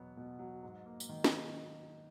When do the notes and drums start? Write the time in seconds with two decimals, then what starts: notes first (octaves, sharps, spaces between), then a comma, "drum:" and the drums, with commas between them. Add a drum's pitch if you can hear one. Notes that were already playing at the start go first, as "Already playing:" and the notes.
Already playing: E2 B2 F#3 B3
0.17 B2
0.39 F#3
0.63 G#2
0.86 A#3
1.00 drum: tambourine
1.09 D#3
1.24 drum: snare